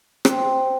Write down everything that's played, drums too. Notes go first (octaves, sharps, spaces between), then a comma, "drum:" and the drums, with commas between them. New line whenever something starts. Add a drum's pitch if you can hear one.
C4, drum: rim click